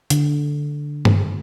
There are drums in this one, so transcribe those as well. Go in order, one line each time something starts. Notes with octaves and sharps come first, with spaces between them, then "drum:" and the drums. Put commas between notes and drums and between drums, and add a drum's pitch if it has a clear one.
D3, drum: hi-hat
drum: tom G2